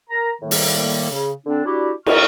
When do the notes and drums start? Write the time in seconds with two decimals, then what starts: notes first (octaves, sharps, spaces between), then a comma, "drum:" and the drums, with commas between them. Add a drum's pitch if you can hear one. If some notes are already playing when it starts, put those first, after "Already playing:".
0.10 A#4 A#5
0.42 A2 D#3 G3 A#3
0.51 drum: open hi-hat
1.11 C#3
1.46 D3 C4 D4
1.65 D4 E4 F#4 G4
2.06 D#2 C#6 F6, drum: cymbal